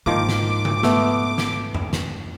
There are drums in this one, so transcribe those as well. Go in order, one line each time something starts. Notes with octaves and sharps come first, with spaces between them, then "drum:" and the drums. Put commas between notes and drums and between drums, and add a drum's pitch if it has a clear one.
G#2 D#3 F3 A#3 D6
drum: snare
drum: tom C#3
A3 B3, drum: snare
drum: snare
drum: tom F2
drum: snare